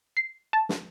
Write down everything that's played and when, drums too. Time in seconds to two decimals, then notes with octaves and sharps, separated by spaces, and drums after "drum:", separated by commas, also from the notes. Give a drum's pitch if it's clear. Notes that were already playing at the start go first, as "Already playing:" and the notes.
0.17 C7
0.53 A5
0.69 drum: snare